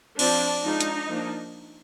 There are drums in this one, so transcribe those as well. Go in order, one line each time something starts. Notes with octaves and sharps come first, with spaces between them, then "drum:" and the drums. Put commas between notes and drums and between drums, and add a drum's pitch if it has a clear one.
F3 C4 D4, drum: cymbal
F3 G#3 D4 D#4
drum: hi-hat
F3 A#3 D4